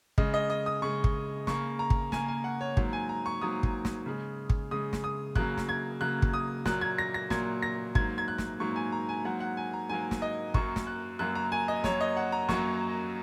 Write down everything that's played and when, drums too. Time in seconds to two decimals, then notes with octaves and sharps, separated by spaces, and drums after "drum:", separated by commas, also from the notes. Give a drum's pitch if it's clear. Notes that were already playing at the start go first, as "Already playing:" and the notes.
0.18 C#3 G#3 D#5, drum: kick
0.34 D#5
0.50 D#5
0.66 D#6
0.82 C#3 G#3 C#6
1.04 drum: kick
1.47 C#3 A#3 C#6, drum: snare
1.79 A#5
1.90 drum: kick
2.12 C#3 A#3 G#5, drum: snare
2.28 G#5
2.44 F#5
2.61 C#5
2.77 G#2 F#3 A#3, drum: kick
2.93 G#5
3.09 A#5
3.26 C#6
3.41 G#2 F#3 A#3 D#6
3.63 drum: kick
3.85 drum: snare
4.06 C#3 G#3
4.50 drum: kick
4.71 C#3 G#3 D#6
4.93 drum: snare
5.04 D#6
5.35 C#3 F#3 A#3 F#6, drum: kick
5.58 drum: snare
5.69 G#6
6.01 C#3 F#3 A#3 F#6
6.22 drum: kick
6.34 D#6
6.66 A#2 F#3 A#3 F#6, drum: snare
6.81 G#6
6.98 A#6
7.14 A#6
7.30 A#2 F#3 A#3 G#6, drum: snare
7.62 A#6
7.95 G#2 F#3 A#3 G#6, drum: kick
8.18 G#6
8.28 F#6
8.38 drum: snare
8.60 G#2 F#3 A#3 C#6
8.76 G#5
8.92 A#5
9.09 G#5
9.25 G#2 F#3 A#3 F#5
9.40 F#5
9.57 G#5
9.73 A#5
9.89 G#2 F#3 A#3 G#5
10.11 drum: snare
10.22 D#5
10.54 F#2 F#3 A#3 C#6, drum: kick
10.76 drum: snare
10.87 F#6
11.19 F#2 F#3 A#3 F#6
11.35 A#5
11.52 G#5
11.68 D#5
11.84 F#2 F#3 A#3 C#5, drum: snare
12.01 D#5
12.17 F#5
12.32 A#5
12.49 F#2 F#3 A#3 C#6, drum: snare